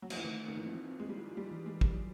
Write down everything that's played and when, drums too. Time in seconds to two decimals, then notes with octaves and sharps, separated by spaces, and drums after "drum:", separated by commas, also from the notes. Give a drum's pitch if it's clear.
0.02 F#3
0.10 F3, drum: cymbal
0.17 E3
0.24 D#3 A3
0.48 D#3
0.57 E3
0.66 F3 C4
1.00 G#3
1.08 G3 F4
1.37 G3
1.51 E3
1.66 G#3
1.81 drum: kick
1.94 F#3